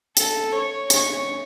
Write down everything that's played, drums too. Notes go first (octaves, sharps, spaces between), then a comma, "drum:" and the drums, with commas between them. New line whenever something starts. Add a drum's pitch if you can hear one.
A4, drum: hi-hat
C#5
C#5, drum: hi-hat